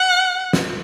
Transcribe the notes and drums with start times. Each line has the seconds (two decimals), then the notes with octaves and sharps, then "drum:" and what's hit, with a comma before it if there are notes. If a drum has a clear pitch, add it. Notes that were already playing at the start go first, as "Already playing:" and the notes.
Already playing: F#5
0.53 drum: snare